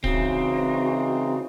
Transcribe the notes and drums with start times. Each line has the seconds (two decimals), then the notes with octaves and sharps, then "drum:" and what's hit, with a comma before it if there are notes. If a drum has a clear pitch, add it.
0.04 C#3 E3 G#3 C4 D#4 F#4, drum: kick